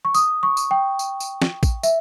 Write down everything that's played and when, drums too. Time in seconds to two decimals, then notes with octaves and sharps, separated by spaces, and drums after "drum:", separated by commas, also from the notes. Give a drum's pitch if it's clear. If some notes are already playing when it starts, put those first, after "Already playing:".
0.05 C#6
0.14 D#6, drum: tambourine
0.43 C#6
0.57 drum: tambourine
0.71 G5
0.99 drum: tambourine
1.20 drum: tambourine
1.42 drum: snare
1.63 drum: kick, tambourine
1.83 E5, drum: tambourine